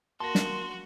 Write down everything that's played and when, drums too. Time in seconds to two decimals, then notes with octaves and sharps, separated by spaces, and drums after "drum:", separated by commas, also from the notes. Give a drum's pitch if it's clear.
0.20 A#3 F#4 A5 C6 A#6
0.35 drum: snare